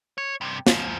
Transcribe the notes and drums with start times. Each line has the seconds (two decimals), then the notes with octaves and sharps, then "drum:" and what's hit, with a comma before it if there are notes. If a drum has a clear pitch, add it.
0.18 C#5
0.41 G2 C3
0.67 G#2 F3, drum: snare